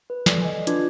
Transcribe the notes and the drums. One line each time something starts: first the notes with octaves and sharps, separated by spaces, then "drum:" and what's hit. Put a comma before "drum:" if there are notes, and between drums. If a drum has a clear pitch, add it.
B4
A4 D5, drum: snare
D#5 G#5
D4 F4 B4 D6 G#6, drum: hi-hat